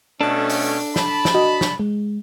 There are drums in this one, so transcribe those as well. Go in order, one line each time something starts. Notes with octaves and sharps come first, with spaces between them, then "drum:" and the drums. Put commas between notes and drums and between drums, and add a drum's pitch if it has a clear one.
B2 A3 C#4 D4 A4
drum: open hi-hat
A5 B5, drum: snare
drum: snare
F#4 D#5
drum: snare
G#3